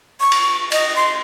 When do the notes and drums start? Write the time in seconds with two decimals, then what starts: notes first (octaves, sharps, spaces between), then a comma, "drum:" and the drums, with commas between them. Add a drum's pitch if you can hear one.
0.20 C#6
0.32 drum: cymbal
0.72 D#5, drum: cymbal
0.96 C6